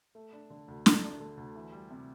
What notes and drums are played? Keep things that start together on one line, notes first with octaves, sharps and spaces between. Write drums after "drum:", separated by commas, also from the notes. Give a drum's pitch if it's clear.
A3
D4
D3
D2
A3, drum: snare
D4
D3
D2
E3
G3
C3